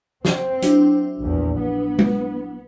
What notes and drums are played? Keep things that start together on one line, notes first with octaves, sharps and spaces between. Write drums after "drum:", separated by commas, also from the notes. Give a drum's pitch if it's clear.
C4, drum: snare
F#3 D4 E4, drum: hi-hat
A#1 E2
B3
drum: tom G#3